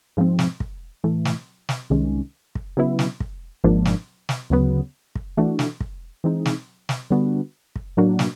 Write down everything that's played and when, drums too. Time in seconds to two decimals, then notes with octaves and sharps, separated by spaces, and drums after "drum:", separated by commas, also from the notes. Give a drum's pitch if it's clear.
0.17 G#2 F3 G#3 C4
0.39 drum: snare
0.60 drum: kick
1.04 A2 E3 A3
1.25 drum: snare
1.69 drum: snare
1.90 C2 C3 D#3 G#3 C#4
2.55 drum: kick
2.77 C#3 F#3 B3 E4
2.99 drum: snare
3.20 drum: kick
3.64 G#1 G#2 F3 A#3 D4
3.85 drum: snare
4.29 drum: snare
4.50 D2 C#3 F#3 B3
5.15 drum: kick
5.37 E3 A3 D4 F#4
5.59 drum: snare
5.80 drum: kick
6.24 E3 G#3 C4 D#4
6.45 drum: snare
6.89 drum: snare
7.10 D3 G3 B3 D4 F#4
7.76 drum: kick
7.97 A2 F#3 A#3 D4 F#4
8.19 drum: snare